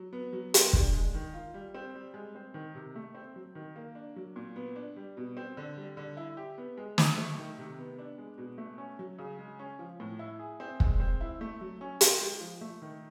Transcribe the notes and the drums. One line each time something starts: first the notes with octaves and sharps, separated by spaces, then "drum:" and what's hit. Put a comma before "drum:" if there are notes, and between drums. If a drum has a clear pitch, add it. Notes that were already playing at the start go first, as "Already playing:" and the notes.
Already playing: F#3
B3
F#3
B3, drum: hi-hat
D4, drum: kick
G#3
D#3
F4
G3
C4
G3
G#3
C4
D#3
C3
A3
C4
F#3
D#3
A#3
D4
F#3
A#2
B3
D4
G3
B2
C4
D3
G3
D3
E4
G4
B3
G#3
F#3, drum: snare
A3
D#3
C3
B3
D4
G#3
B2
A3
C#4
F#3
C#3
G#3
C#4
F3
A2
E4
G#4
C4
G#3, drum: kick
C4
E4
A3
F#3
C#4
F4, drum: hi-hat
G#3
F3
A3
D#3